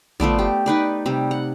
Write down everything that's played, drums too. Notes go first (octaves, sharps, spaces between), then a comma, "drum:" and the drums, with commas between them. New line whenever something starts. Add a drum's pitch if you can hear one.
F3 A3 B3 D5, drum: tom
G4
D#4 B4 D5
C3 G3
F#5